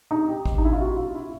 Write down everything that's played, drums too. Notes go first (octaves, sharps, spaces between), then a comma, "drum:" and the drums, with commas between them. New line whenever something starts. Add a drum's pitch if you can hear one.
D#4
G4
drum: kick G#1
D#4
E4
F4
F#4
F4
E4